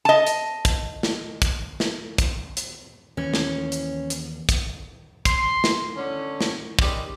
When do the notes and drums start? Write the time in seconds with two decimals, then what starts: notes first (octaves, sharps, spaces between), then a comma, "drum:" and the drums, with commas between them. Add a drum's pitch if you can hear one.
0.05 D#5 A5
0.27 drum: hi-hat
0.65 drum: kick, hi-hat
1.03 drum: snare
1.42 drum: kick, hi-hat
1.80 drum: snare
2.18 drum: kick, hi-hat
2.57 drum: hi-hat
3.17 D#2 E3 C#4
3.34 drum: snare
3.72 drum: hi-hat
4.10 drum: hi-hat
4.49 drum: kick, hi-hat
5.25 C6, drum: kick, hi-hat
5.64 drum: snare
5.95 D3 C#4
6.41 drum: snare
6.79 D#3 G3 G#3 C#4, drum: kick